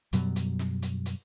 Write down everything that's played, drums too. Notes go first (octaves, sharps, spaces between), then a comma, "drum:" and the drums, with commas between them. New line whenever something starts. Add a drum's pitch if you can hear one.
F#2 B2 F#3 G3, drum: hi-hat
drum: hi-hat
drum: snare
drum: hi-hat
drum: hi-hat